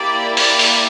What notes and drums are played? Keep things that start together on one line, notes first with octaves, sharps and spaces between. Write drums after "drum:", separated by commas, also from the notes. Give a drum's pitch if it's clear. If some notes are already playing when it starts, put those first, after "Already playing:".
Already playing: A#3 E4 G4 D5
D5, drum: open hi-hat
drum: open hi-hat